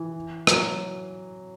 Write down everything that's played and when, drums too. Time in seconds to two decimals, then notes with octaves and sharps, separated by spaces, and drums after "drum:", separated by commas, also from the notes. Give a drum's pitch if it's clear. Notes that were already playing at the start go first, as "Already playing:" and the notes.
Already playing: E3
0.47 F#3, drum: rim click